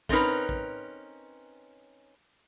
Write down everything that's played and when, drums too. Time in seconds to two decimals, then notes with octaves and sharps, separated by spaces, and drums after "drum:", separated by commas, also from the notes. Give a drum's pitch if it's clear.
0.09 A3 C4 C#4 D#4 A#4 B4, drum: kick A#1
0.49 drum: kick A#1